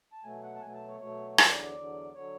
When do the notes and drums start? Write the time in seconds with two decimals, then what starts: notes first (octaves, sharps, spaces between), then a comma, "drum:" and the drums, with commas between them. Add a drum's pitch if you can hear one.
0.12 A5
0.23 B2 F#3 A3 G#5
0.43 F#5
0.56 A5
0.61 B2 F#3 A3 G#5
0.74 A5
0.87 C#5
1.00 B2 F#3 A3 C#5
1.31 C#5
1.38 E2 D3 F#3 D5, drum: rim click
1.51 D5
1.63 D5
1.76 E2 D3 F#3
2.15 D3 F#3 C#5